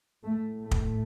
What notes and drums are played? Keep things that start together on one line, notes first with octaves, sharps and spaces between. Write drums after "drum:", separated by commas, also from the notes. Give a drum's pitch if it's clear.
A2 A3
A3
drum: kick